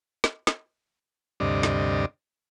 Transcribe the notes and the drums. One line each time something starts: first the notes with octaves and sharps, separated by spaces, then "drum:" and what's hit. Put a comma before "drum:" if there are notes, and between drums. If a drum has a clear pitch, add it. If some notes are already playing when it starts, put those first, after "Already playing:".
drum: snare
drum: snare
D2 G2 C3 D5 D#5
drum: snare